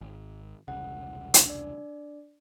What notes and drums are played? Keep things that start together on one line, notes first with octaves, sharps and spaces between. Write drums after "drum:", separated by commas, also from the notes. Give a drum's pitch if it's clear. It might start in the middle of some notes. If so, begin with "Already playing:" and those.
G#1
E1 C2 C#3 F#5
drum: hi-hat
D4 D5